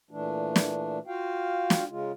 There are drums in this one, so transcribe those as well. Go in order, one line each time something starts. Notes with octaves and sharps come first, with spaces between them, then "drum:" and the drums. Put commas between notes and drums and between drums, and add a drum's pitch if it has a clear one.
A#2 E3 A3 D4
drum: snare
F4 F#4 F5 G5
drum: snare
C#3 G#3 F4